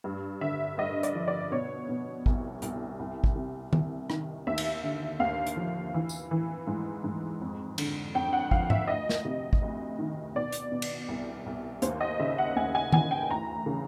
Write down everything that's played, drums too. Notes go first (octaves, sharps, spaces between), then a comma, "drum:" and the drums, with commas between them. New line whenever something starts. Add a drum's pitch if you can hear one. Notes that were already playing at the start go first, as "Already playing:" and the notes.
G2
D3 E5
G2 D#5
D5, drum: hi-hat
F3
D5
B2 C#5
B2
C2, drum: kick G#1
C2, drum: hi-hat
C2
drum: kick G#1
C3
C2, drum: tom D#3
D#3, drum: rim click
D#2 E5
drum: cymbal
D3
D#2 F5
drum: hi-hat
F3
E3
drum: tambourine
E3
G#2
G#2
F2
D3, drum: cymbal
F2 G5
F#5
F3 F5, drum: kick G#1
E5, drum: tom G#2
D2 D#5
drum: snare
C3
drum: kick G#1
D2
D#3
B2 D5
drum: hi-hat
B2
drum: cymbal
C2
C2
D#2 C5, drum: hi-hat
D#5
C#3 E5
F#5
D#2 G#5
G#5
E3 G#5, drum: tom D#3
G5
D2 A#5
C#3